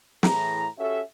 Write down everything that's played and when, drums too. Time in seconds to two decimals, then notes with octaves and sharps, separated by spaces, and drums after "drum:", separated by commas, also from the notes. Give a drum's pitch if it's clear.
0.23 A2 E3 G#4 A#5, drum: snare
0.78 C#4 F#4 G4 A4 E5